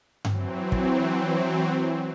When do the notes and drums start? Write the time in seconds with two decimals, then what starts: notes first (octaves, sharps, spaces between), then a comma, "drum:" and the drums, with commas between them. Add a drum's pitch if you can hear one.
0.25 E3 F#3 C4, drum: tom G2
0.72 drum: kick